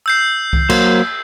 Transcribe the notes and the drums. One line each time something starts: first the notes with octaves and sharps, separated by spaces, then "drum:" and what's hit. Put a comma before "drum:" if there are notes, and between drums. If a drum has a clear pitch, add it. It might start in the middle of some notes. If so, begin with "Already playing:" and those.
E6 G6 C7
drum: kick C2
F#3 A#3 C5, drum: cymbal